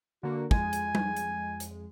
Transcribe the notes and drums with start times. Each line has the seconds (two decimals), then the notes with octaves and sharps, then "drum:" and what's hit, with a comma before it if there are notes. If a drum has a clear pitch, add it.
0.23 D3 A#3 F#4
0.51 F2 G#3 G#5, drum: kick
0.73 drum: hi-hat
0.95 drum: tom G3
1.17 drum: hi-hat
1.60 drum: hi-hat